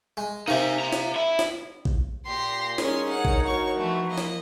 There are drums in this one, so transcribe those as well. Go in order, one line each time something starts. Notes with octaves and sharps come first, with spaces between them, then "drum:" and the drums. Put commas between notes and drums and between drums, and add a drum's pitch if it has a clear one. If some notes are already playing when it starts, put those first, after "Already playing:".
G#3
C3 A#3 D#4 G#5
E5 A#5
drum: snare
E4 E5
drum: snare
drum: kick A1
A#2 G4 C6 A#6
G2 C#4 D#4 G#4 A#4 C#5 C6, drum: snare
F#5
drum: kick A1
F#4 C#6
E3 F3 A3
A#3 D#5
drum: snare